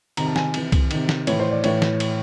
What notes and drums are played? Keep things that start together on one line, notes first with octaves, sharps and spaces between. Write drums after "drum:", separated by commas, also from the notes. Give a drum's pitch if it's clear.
C3 D#3 A#5, drum: cymbal
A5
G#5, drum: snare
C3 E3, drum: cymbal
drum: kick C2, cymbal
C3 D#3, drum: cymbal
drum: snare
A2 E3 C#5, drum: cymbal
C5
D5
A2 E3 C#5, drum: cymbal
drum: snare
drum: cymbal